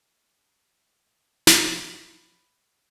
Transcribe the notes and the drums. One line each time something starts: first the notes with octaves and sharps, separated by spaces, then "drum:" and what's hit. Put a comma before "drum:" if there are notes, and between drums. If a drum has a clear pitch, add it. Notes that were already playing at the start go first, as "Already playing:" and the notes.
drum: snare
B5